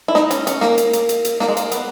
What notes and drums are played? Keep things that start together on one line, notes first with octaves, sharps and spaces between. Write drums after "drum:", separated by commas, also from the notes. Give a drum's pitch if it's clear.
E4
D#4, drum: snare
C#4, drum: hi-hat
C#4, drum: hi-hat
A#3, drum: snare
drum: hi-hat
drum: hi-hat
drum: hi-hat
drum: hi-hat
A#3, drum: snare
G#3
A#3, drum: hi-hat
B3, drum: hi-hat